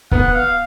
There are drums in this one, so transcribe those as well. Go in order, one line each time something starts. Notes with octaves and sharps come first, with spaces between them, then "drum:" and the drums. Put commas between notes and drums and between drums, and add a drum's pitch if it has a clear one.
B3 F#5, drum: kick
F5